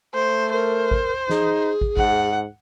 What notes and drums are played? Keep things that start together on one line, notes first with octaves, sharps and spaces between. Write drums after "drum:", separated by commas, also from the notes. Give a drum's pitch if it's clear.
A3 C5
A#4 C5
drum: kick
D#4 G#4, drum: snare
drum: kick
G#2 F#5, drum: kick